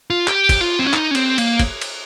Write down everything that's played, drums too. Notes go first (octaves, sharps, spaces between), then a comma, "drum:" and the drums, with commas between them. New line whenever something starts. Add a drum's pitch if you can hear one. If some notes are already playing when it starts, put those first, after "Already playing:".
F4
G4, drum: clap
drum: kick, cymbal
F4
C4
C#4
D#4, drum: clap
C#4
C4, drum: cymbal
A#3, drum: cymbal
drum: kick, cymbal
drum: cymbal